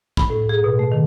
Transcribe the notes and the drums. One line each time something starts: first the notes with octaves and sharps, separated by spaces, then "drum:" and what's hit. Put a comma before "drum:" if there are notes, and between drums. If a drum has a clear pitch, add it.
B5, drum: kick
A2
G#4
B2
A3
D#3